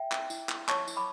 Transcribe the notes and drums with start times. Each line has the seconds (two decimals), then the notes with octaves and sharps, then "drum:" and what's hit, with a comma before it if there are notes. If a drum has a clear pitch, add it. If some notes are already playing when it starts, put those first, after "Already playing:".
Already playing: E5 G5
0.12 E4, drum: clap
0.30 E4, drum: tambourine
0.49 E4, drum: clap
0.68 C#5 A5 C#6, drum: clap
0.87 E4, drum: tambourine
0.97 B5 D6